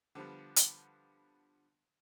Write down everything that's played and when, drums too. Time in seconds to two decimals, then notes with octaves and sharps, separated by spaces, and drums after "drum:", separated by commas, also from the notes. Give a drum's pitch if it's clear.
0.15 D3 F3 G3 B3
0.56 drum: hi-hat